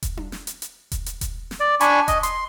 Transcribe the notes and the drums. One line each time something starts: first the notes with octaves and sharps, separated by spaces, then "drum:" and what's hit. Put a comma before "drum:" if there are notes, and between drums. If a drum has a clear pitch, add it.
drum: kick E1, hi-hat
drum: tom D4
drum: snare
drum: hi-hat
drum: hi-hat
drum: kick E1, hi-hat
drum: hi-hat
drum: kick E1, hi-hat
drum: snare
D5
D4 G#5 B5 C#6, drum: hi-hat
D#5, drum: kick E1, hi-hat
C6, drum: hi-hat